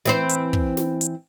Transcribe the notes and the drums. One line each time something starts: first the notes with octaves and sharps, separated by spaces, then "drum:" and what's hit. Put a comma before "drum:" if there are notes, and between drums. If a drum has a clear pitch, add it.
E3 C4 C5, drum: snare
drum: hi-hat
drum: kick
drum: snare
drum: hi-hat